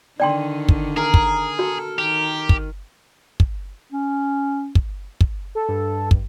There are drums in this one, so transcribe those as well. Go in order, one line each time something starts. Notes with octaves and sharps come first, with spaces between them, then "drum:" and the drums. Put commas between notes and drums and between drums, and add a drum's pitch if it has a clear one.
D3 D#3 D5 G5 C6
drum: kick
G#4 A#4
drum: kick
F#4 A4
D#3 G4
drum: kick
drum: kick
C#4
drum: kick
drum: kick
A4
G2
drum: kick